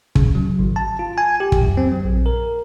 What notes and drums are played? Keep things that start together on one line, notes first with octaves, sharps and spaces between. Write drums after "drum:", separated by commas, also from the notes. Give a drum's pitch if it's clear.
C#3, drum: kick
F#3
G#1
A5
F4
G#5
G4
drum: kick
F#2
C4
F#3
A#1
A#4